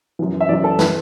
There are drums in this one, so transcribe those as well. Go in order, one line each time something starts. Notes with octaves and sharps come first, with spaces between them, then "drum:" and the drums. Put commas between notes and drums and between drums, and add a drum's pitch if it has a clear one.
F#2 E3
E5
F#2 E3 D5
A4
E3 B4, drum: snare